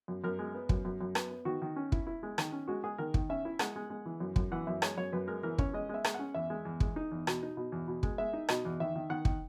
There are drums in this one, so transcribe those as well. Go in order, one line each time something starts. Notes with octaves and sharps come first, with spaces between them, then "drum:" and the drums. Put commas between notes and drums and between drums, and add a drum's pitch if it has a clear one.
F#2
F#2 A#4
G#3
B3
F#2, drum: kick
F#2
F#2
B3, drum: rim click
B3
D#3 F#4
D#3
C#4
E4, drum: kick
E4
G#3
D#3, drum: rim click
C#4
G#3 F#4
G#3 G#4
D#3 A#4
D#3, drum: kick
C#4 E5
E4
G#3 F#5, drum: rim click
G#3
G#3
E3
F#2
F#2, drum: kick
E3 F#5
F#2 E5
G#3 C#5, drum: rim click
F#2 C#5
F#2 B4
G#3 A#4
E3 A#4
C#4 C#5, drum: kick
G#3 D#5
G#3 E5
G#3, drum: rim click
C#4 F#5
E2 E5
G#3
E2
G#3, drum: kick
D#4
E2
B2, drum: rim click
D#4
B2
E2
B2
G#3, drum: kick
G#3 E5
D#4
B2 D#5, drum: rim click
E2
D#3 E5
D#3
D#3 F#5
D#3, drum: kick